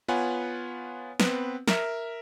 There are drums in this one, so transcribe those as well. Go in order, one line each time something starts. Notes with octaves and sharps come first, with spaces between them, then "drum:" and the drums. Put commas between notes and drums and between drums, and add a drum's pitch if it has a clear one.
B3 F4 B4 C#5 F#5 G#5
B3 C4 B4, drum: snare
A#4 E5, drum: snare